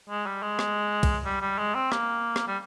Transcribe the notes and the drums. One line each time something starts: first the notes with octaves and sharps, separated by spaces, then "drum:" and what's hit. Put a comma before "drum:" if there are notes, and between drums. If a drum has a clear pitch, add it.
G#3
G3
G#3
drum: rim click
drum: kick, cymbal
G3
G3
G#3
C4
A#3, drum: rim click
drum: rim click
G3